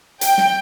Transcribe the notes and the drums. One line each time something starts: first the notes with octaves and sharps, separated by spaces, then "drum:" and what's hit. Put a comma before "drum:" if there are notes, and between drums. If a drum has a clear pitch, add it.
G5, drum: hi-hat
drum: snare